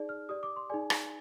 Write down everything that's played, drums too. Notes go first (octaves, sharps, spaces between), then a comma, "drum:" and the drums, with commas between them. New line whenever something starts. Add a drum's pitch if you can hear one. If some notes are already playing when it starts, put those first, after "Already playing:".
Already playing: D#4 G#4 D5
F6
G4 D5 D#6
D6
C6
D#4 G#4 D5 G#5
drum: rim click